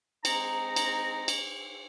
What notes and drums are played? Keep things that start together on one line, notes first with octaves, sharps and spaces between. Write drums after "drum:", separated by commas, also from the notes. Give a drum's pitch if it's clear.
G#3 C4 D#4 A#5, drum: cymbal
drum: cymbal
drum: cymbal